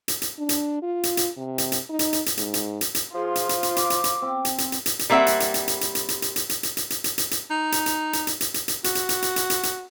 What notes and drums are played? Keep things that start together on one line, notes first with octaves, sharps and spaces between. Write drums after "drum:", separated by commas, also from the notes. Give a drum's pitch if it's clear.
drum: hi-hat
drum: hi-hat
D4
drum: hi-hat
F4
drum: hi-hat
drum: hi-hat
C3
drum: hi-hat
drum: hi-hat
D#4
drum: hi-hat
drum: hi-hat
drum: hi-hat
G#2, drum: hi-hat
drum: hi-hat
drum: hi-hat
drum: hi-hat
F3 F4 G#4
drum: hi-hat
drum: hi-hat
drum: hi-hat
D6, drum: hi-hat
drum: hi-hat
drum: hi-hat
C4
drum: hi-hat
drum: hi-hat
drum: hi-hat
drum: hi-hat
drum: hi-hat
G3 A#3 C4 E5 F#5
drum: hi-hat
drum: hi-hat
drum: hi-hat
drum: hi-hat
drum: hi-hat
drum: hi-hat
drum: hi-hat
drum: hi-hat
drum: hi-hat
drum: hi-hat
drum: hi-hat
drum: hi-hat
drum: hi-hat
drum: hi-hat
drum: hi-hat
drum: hi-hat
D#4
drum: hi-hat
drum: hi-hat
drum: hi-hat
drum: hi-hat
drum: hi-hat
drum: hi-hat
drum: hi-hat
F#4, drum: hi-hat
drum: hi-hat
drum: hi-hat
drum: hi-hat
drum: hi-hat
drum: hi-hat
drum: hi-hat